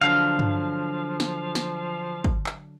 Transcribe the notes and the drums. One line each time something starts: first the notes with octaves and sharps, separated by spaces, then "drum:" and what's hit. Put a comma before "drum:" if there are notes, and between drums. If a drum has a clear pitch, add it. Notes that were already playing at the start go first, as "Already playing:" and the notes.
D3 F3 F#3 D4 F5
drum: tom G2
drum: snare
drum: snare
drum: kick
drum: clap